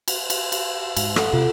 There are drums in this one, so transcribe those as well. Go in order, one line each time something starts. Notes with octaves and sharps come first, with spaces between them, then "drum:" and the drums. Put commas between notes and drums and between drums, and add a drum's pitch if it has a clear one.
drum: cymbal
drum: cymbal
drum: cymbal
G#2, drum: cymbal
A4 F#5, drum: rim click
C3 F4